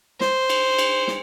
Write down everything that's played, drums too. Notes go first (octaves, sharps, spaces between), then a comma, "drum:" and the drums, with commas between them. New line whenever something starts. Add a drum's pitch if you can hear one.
C5, drum: snare
drum: cymbal
drum: cymbal
drum: snare